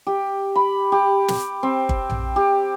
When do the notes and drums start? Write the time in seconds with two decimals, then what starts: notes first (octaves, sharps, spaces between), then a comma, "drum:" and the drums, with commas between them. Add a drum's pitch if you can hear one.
0.07 G4
0.55 B5
0.92 G4
1.28 drum: snare
1.63 C4
1.89 drum: kick G1
2.10 drum: tom A#1
2.36 G4